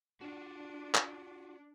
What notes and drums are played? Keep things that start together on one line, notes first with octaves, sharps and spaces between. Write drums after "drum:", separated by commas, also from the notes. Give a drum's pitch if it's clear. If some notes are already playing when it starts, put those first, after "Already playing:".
D4 F4 F#4
drum: clap